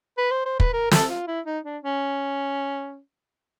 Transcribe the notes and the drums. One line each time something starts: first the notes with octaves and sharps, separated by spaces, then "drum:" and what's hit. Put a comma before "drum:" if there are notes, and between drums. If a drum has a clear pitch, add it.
B4
C5
C5
B4, drum: kick
A#4
A4, drum: snare
F4
E4
D#4
D4
C#4